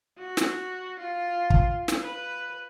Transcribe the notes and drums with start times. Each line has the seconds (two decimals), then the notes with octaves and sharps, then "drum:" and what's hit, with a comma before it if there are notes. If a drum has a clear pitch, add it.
0.18 F#4
0.37 drum: snare
1.00 F4
1.50 drum: kick
1.88 drum: snare
2.03 B4